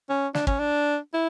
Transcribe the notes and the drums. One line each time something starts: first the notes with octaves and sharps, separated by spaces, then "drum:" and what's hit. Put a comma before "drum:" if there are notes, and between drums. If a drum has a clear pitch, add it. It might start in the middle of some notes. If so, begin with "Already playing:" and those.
C#4
D4, drum: snare
C#4, drum: kick
D4
E4